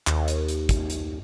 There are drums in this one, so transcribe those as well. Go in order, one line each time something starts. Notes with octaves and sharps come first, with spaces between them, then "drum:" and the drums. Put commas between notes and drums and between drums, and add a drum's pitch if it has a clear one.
D#2, drum: clap
drum: hi-hat
drum: hi-hat
drum: kick, hi-hat
drum: hi-hat